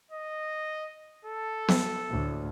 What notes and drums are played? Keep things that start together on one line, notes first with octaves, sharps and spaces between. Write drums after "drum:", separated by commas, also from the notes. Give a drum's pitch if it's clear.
D#5
A4
drum: snare B3
D2 A2